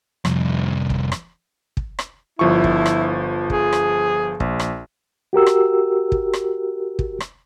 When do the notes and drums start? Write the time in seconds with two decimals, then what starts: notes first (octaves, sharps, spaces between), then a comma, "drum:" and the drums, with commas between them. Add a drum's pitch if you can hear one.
0.25 C2 F2, drum: rim click
0.90 drum: kick
1.12 drum: rim click
1.77 drum: kick
1.99 drum: rim click
2.39 G1 F3 E4 C#6
2.64 drum: kick
2.86 drum: rim click
3.50 G#4, drum: kick
3.73 drum: rim click
4.40 A#1, drum: kick
4.60 drum: rim click
5.33 F#4 G4 A#4 E6
5.46 drum: rim click
6.12 drum: kick
6.33 drum: rim click
6.99 drum: kick
7.20 drum: rim click